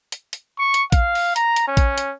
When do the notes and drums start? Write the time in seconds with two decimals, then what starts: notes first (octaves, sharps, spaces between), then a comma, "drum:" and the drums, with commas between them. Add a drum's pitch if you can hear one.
0.12 drum: hi-hat
0.33 drum: hi-hat
0.58 C#6
0.74 drum: hi-hat
0.92 F5, drum: kick, hi-hat
1.15 drum: open hi-hat
1.36 A#5, drum: hi-hat
1.56 drum: hi-hat
1.68 C#4
1.77 drum: kick, hi-hat
1.98 drum: hi-hat